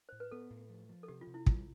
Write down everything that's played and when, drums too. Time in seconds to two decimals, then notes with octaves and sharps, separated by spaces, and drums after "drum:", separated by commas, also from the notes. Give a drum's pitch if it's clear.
0.09 A2 C5
0.20 B4
0.31 B3 A4
0.50 A2
0.70 F3
0.89 F3
1.03 A4
1.08 C3 G4
1.21 F4
1.27 C3
1.34 E4
1.46 G3 F4, drum: kick